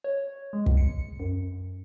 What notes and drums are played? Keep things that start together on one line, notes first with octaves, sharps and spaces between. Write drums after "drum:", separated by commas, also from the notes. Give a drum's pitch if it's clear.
C#5
G#3
drum: kick
C#7
F#2